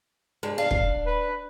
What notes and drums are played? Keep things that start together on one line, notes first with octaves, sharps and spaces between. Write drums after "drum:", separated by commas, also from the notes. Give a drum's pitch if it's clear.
G2 G#3
D4 F5
drum: kick
B4